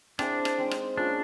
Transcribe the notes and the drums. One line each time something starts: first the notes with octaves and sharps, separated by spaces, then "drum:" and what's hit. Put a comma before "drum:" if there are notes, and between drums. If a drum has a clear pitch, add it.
C4 D4 E4 G#4 C5, drum: rim click
drum: rim click
G#3 C4 D#4
drum: rim click
A#3 C#4 D4 F4 G#4